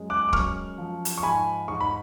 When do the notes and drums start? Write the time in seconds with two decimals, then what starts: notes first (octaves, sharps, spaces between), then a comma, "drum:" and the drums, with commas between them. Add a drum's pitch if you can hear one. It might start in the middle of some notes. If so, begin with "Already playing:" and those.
Already playing: F#2 G#3
0.10 D6 F#6
0.29 D6
0.33 F#2 C#6 F6, drum: kick
0.78 F3
1.05 drum: hi-hat
1.18 C#6
1.23 G#2 G#5 B5
1.68 G#2 C#6
1.80 B5